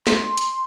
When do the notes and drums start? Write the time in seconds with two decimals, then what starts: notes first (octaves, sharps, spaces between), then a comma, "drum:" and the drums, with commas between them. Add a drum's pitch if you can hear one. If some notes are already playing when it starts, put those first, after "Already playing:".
0.07 C6, drum: snare
0.37 drum: hi-hat